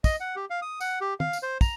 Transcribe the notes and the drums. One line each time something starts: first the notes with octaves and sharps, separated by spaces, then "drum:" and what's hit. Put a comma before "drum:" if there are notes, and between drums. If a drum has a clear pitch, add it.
D#5, drum: kick, tambourine
F#5
G4
F5
D#6
F#5, drum: tambourine
G4
F5, drum: tom
drum: tambourine
C5
A#5, drum: kick, tambourine